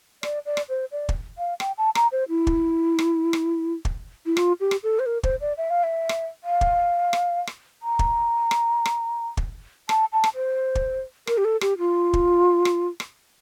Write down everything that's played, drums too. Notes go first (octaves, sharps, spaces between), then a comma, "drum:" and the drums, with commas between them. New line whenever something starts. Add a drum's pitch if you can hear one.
D5, drum: rim click
D5
drum: rim click
C5
D5
drum: kick
F5
G5, drum: rim click
A5
A#5, drum: rim click
C5
E4
drum: kick
drum: rim click
drum: rim click
drum: kick
E4
F4, drum: rim click
G4
drum: rim click
A4
C5
A#4
C5, drum: kick
D5
E5
F5
E5
drum: rim click
F5
drum: kick
drum: rim click
drum: rim click
A#5
drum: kick
drum: rim click
drum: rim click
drum: kick
A5, drum: rim click
A5
drum: rim click
C5
drum: kick
A#4, drum: rim click
G4
A4
G4, drum: rim click
F4
drum: kick
drum: rim click
drum: rim click